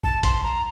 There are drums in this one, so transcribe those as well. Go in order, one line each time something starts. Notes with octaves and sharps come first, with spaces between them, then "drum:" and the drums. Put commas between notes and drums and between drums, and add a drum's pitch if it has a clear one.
A5, drum: kick
C6, drum: kick, hi-hat
A#5